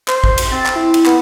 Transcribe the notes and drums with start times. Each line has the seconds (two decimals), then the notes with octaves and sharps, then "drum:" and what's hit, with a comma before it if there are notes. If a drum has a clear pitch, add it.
0.08 C5, drum: clap
0.24 drum: kick
0.38 drum: cymbal
0.52 C4 A6
0.66 drum: clap
0.76 E4
0.94 drum: cymbal
1.06 B3, drum: clap